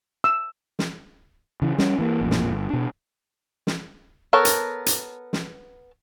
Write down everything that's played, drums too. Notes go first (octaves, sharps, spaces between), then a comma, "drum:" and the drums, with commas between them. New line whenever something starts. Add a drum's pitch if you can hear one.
E6
drum: snare
C#3 E3
G3 C#4, drum: snare
E3 A#3
A1 F2 A#2
drum: snare
G1
B2 D4
drum: snare
B3 A4 A#4 C#5 A5
drum: hi-hat
drum: hi-hat
drum: snare